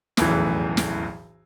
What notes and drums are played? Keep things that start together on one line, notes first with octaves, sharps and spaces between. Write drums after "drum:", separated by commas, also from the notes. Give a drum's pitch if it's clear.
F1 B1 E2 A2 C#3 E3, drum: snare
drum: snare